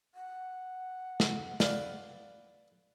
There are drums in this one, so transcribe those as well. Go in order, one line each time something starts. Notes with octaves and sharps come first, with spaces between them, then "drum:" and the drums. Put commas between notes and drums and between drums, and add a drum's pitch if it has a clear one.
F#5
drum: snare
B4 D5 F5, drum: snare